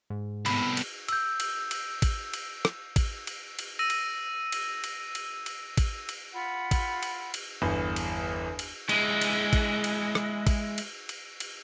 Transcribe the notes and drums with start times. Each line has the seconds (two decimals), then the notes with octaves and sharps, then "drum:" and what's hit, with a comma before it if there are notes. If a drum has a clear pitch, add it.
0.10 G#2
0.46 C2 A2 B3 B5 B6, drum: cymbal
0.77 drum: cymbal
1.08 E6 G6, drum: cymbal
1.40 drum: cymbal
1.71 drum: cymbal
2.02 drum: kick A1, cymbal
2.34 drum: cymbal
2.65 drum: rim click
2.96 drum: kick A1, cymbal
3.27 drum: cymbal
3.59 drum: cymbal
3.79 E6 A#6 D#7
3.90 drum: cymbal
4.52 drum: cymbal
4.84 drum: cymbal
5.15 drum: cymbal
5.46 drum: cymbal
5.78 drum: kick A1, cymbal
6.09 drum: cymbal
6.33 F4 F#5 B5
6.71 drum: kick A1, cymbal
7.03 drum: cymbal
7.34 drum: cymbal
7.62 G1 E2
7.96 drum: cymbal
8.59 drum: cymbal
8.89 G#3 E4, drum: cymbal
9.21 drum: cymbal
9.53 drum: kick A1, cymbal
9.84 drum: cymbal
10.15 drum: rim click
10.47 drum: kick A1, cymbal
10.78 drum: cymbal
11.09 drum: cymbal
11.40 drum: cymbal